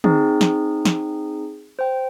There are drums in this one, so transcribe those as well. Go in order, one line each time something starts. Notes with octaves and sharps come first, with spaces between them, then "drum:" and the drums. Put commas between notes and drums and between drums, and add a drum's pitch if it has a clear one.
C4 D#4 G#4, drum: tom
drum: snare
drum: snare
C5 G5